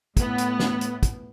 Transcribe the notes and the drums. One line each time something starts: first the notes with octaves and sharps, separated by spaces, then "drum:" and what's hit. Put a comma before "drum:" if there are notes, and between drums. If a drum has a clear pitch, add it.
A2 B3, drum: kick, hi-hat
drum: hi-hat
drum: snare
drum: hi-hat
drum: kick, hi-hat